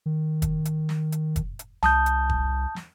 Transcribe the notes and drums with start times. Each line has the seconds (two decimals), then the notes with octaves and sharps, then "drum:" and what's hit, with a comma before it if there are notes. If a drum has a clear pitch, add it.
0.06 D#3
0.42 drum: kick, hi-hat
0.65 drum: hi-hat
0.89 drum: snare
1.12 drum: hi-hat
1.36 drum: kick, hi-hat
1.59 drum: hi-hat
1.83 C2 A5 D#6 G6, drum: snare
2.06 drum: hi-hat
2.29 drum: kick
2.76 drum: snare